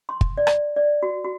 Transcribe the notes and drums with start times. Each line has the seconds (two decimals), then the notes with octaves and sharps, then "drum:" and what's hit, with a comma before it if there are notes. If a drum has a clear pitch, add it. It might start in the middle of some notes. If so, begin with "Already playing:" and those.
0.09 C6
0.21 drum: kick
0.37 D5
0.47 drum: rim click
0.76 D5
1.03 F#4
1.24 F#4